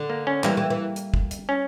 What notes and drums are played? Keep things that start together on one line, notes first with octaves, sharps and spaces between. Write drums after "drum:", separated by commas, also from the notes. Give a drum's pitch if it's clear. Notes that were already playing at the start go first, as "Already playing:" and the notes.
Already playing: D3
A#3
C#4
E3 G3 A#3, drum: clap
E3
E3
drum: hi-hat
drum: kick
drum: hi-hat
C#4